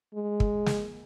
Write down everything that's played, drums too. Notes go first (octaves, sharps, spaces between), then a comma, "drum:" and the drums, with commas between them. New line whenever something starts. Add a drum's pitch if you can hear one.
G#3
drum: kick
drum: snare